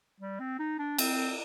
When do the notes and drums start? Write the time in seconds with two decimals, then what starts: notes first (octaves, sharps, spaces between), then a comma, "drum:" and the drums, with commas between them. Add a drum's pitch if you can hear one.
0.20 G3
0.40 C4
0.59 D#4
0.79 D4
0.98 C4, drum: cymbal